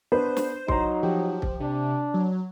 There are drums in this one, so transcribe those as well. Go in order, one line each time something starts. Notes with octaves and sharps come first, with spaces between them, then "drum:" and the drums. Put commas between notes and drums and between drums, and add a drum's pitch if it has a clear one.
B3 D4 B4 C5
drum: snare
F#3 D#4 A#5 C6, drum: kick
F3 G4
drum: kick
C3 D4
F#3